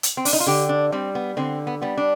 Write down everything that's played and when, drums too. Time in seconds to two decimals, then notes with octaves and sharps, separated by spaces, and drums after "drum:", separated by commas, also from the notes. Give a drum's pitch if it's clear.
0.03 drum: hi-hat
0.17 C4
0.25 D4, drum: open hi-hat
0.33 D#4
0.40 F4
0.47 D3 G4
0.69 D4
0.92 G3 C4
1.15 B3
1.37 D3 C4
1.67 B3
1.82 G3 B3
1.98 D4